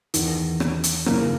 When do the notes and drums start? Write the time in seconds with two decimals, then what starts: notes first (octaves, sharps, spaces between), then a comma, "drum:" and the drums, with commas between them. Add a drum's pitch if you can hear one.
0.14 E2 D#3, drum: hi-hat
0.60 drum: rim click
0.84 drum: hi-hat
1.06 F#2 C#3 E3 A#3 A#4, drum: rim click